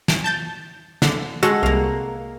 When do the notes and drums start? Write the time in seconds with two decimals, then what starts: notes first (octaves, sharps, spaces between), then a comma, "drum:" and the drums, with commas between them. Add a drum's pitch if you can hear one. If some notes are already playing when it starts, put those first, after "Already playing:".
0.08 drum: snare
0.24 A5 G6 A6
1.02 D3, drum: snare
1.43 G#3 F#4 A4 F#5, drum: hi-hat
1.63 C2 A#3 F5